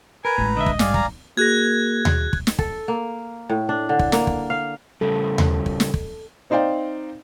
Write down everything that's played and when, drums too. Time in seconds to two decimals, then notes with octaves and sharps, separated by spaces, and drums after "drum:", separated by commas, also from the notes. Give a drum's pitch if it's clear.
0.25 A#4 B4 G#5 A#5
0.38 A1 A2 G#3
0.57 D3 D#5 E5
0.66 drum: kick
0.79 G2 D5 F5 G#5, drum: snare
0.94 A#5, drum: kick
1.37 A#3 F#4 G#4 F#6 G#6 A#6
2.05 drum: tom D#2
2.33 drum: kick
2.47 drum: snare
2.59 A4, drum: kick
2.88 A#3
3.49 A2
3.69 D4
3.89 D3
3.99 drum: kick
4.12 A#3, drum: snare
4.27 drum: kick
4.50 F5
5.01 C#3 G3 A3 A4
5.38 drum: tom D#2
5.66 drum: kick
5.80 drum: snare
5.94 drum: kick
6.50 C4 D#4 C5 D5 F5 G5